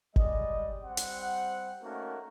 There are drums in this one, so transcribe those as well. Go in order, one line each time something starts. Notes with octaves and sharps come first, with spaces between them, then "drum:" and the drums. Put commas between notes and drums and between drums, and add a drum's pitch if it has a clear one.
G3 G#3 D5 D#5, drum: kick G1
G3 C4 C5 F#5
drum: hi-hat
A3 A#3 C#4 D#4 F#4 A#4